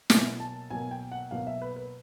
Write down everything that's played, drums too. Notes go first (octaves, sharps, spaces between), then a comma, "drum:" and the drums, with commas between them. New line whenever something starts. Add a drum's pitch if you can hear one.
B2 F#3 A#3 G#5, drum: snare
A5
B2 F#3 A#3 G#5
G5
F#5
B2 F#3 A#3 F5
E5
B4
B4